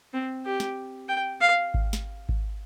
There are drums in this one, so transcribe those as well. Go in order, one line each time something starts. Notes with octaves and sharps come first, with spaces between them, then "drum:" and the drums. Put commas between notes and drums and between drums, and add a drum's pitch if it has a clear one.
C4
G4
drum: snare
G5
F5
drum: kick G#1
drum: snare
drum: kick G#1